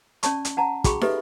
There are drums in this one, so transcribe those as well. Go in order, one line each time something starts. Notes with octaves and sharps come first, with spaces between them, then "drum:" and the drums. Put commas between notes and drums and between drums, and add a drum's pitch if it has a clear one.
C#4 D5 A5 C#6, drum: hi-hat
drum: hi-hat
F#5 A5 A#5
F#4 G#4 G5 B5 C#6, drum: kick, hi-hat
G4 A4 B4 D#5 E5, drum: snare